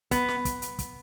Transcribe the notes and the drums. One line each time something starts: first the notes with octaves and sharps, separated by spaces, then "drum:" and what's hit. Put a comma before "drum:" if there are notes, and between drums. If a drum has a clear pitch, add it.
B3, drum: kick, hi-hat
drum: snare
drum: kick, hi-hat
drum: hi-hat
drum: kick, hi-hat